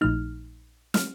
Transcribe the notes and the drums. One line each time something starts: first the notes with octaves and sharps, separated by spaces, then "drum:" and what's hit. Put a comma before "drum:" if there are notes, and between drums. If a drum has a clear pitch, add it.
A#1 A#2 F3 A3 D#4 F6
F6, drum: snare